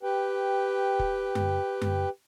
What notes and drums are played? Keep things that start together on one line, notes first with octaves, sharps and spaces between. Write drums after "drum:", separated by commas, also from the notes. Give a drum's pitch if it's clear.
G4 B4 G5
drum: kick
drum: tom F#2
drum: tom F#2